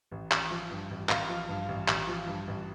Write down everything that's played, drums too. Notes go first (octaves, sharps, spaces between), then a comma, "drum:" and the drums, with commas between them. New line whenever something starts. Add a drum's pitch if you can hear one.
A1
A1, drum: clap
F3
G2
A1
A1 F5, drum: clap
F3
G2
A1
A1, drum: clap
F3
G2
A1